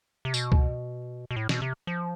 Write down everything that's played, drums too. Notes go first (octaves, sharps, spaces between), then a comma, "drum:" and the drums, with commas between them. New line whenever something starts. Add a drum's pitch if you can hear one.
C3
B2, drum: tambourine
drum: kick
B2
A2
B2, drum: snare
C3
F3